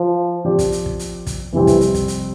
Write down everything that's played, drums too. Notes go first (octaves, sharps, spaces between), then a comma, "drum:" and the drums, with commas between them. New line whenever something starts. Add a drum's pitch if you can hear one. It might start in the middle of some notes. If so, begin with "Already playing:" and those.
Already playing: F3
F3 C4 G4 D5
drum: kick, hi-hat
drum: hi-hat
drum: kick
drum: hi-hat
drum: kick, hi-hat
F2 C3 E3 G3 C4
drum: kick, hi-hat
drum: hi-hat
drum: kick, hi-hat
drum: hi-hat